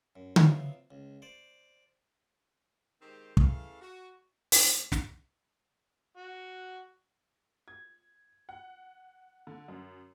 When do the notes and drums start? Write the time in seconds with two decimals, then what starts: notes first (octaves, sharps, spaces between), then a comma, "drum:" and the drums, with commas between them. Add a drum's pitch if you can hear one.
0.16 F#2
0.36 F#3 B3 C4 F4 E5, drum: tom D3
0.91 C#2
1.22 C5 D5
3.02 D#3 G#3 C4 G4 C5
3.37 C#3 E3 A3 A4 F5, drum: kick
3.81 F#4
4.52 drum: open hi-hat
4.92 drum: snare
6.17 F#4
7.68 G#6
8.49 F#5
9.47 D3
9.68 F#2